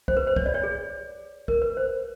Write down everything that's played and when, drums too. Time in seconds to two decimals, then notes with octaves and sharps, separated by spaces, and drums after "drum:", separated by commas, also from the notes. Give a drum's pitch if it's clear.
0.08 C5, drum: kick
0.17 B4
0.27 C5
0.36 C#5, drum: kick
0.46 D5
0.54 C#5
0.63 G#4
1.48 A#4, drum: kick
1.62 B4
1.77 C5